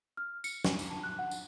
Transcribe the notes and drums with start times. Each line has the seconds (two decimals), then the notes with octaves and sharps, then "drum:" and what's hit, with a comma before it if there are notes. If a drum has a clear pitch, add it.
0.17 F6
0.44 C#7, drum: tambourine
0.65 G#5, drum: snare
0.79 drum: tambourine
0.90 A5
1.03 F#6
1.19 F#5
1.31 drum: tambourine